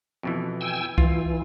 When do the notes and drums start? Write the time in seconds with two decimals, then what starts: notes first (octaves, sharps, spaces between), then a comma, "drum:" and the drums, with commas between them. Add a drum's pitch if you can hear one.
0.23 F2 B2 E3
0.61 G5 G#5 E6
0.98 E3 F4, drum: kick C2